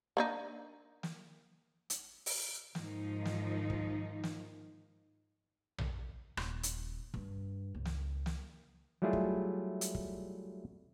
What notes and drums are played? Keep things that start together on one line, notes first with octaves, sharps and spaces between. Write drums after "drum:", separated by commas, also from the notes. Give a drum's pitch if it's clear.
A#3 D4 D#4
drum: snare
drum: hi-hat
drum: open hi-hat
G#2 D#3 F3 D#4, drum: snare
drum: snare
drum: kick
drum: snare
drum: tom A#1
D#1, drum: rim click
drum: hi-hat
G2, drum: kick
C#2
drum: snare
drum: snare
F#3 G3 A3 E4 F4 G#4
drum: kick
drum: hi-hat
drum: kick